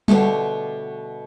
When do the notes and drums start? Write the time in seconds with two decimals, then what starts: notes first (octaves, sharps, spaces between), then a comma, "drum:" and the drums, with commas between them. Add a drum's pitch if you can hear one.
0.08 B2 D3 G3 A3, drum: tom G3